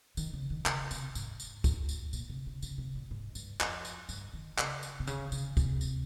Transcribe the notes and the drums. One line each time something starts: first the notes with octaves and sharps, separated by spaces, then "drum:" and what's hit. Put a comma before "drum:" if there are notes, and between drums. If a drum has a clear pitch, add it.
D#3, drum: tambourine
C#3
D#3
C#3, drum: clap
C3, drum: tambourine
G#2, drum: tambourine
drum: tambourine
drum: kick, tambourine
drum: tambourine
A#2, drum: tambourine
C3
C#3
C#3, drum: tambourine
C3
A#2
G#2
G2, drum: tambourine
F2, drum: clap
drum: tambourine
G2, drum: tambourine
D#3
C#3, drum: clap
drum: tambourine
C3
C#3, drum: tambourine
C#3, drum: tambourine
C3, drum: kick, tambourine
drum: tambourine